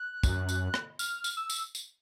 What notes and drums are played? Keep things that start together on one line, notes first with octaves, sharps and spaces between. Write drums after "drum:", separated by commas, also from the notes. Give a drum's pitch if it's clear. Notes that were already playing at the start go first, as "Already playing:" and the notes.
Already playing: F#6
F#2, drum: kick, tambourine
drum: tambourine
drum: rim click
F6, drum: tambourine
drum: tambourine
E6
drum: tambourine
drum: tambourine